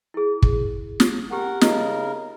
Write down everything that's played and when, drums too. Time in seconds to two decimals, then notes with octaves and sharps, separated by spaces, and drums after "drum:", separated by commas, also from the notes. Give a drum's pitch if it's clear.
0.14 E4 G#4
0.42 drum: kick
1.00 drum: snare
1.31 C#4 G4 A#4 F#5
1.61 C#3 D#4 F4 A#4 D#5, drum: snare